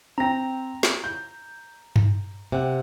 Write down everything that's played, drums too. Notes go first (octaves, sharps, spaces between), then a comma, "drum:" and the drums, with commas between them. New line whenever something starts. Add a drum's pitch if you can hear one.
C4 G5 A#5 A#6
drum: snare
G6
drum: tom G2
C3 F#5